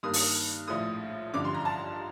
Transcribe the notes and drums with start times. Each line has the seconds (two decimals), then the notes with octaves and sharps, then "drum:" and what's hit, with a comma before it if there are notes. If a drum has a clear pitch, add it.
0.03 G2 D#3 A#3 D#6
0.13 drum: open hi-hat
0.68 A#1 A2 F3 A3 D#6
1.33 A1 G2 D3 F3 D6
1.45 C6
1.54 A#5
1.65 A5